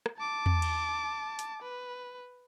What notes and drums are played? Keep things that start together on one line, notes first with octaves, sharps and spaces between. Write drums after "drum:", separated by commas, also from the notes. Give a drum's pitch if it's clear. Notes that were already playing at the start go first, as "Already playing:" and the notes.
drum: rim click
A5 D6
drum: tom E2
drum: cymbal
drum: hi-hat
B4